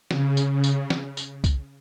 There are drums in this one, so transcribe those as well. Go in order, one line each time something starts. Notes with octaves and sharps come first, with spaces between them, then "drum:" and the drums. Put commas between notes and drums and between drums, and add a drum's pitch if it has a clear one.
C#3, drum: snare
drum: tambourine
C#3
drum: tambourine
drum: snare
drum: tambourine
drum: kick C2, tambourine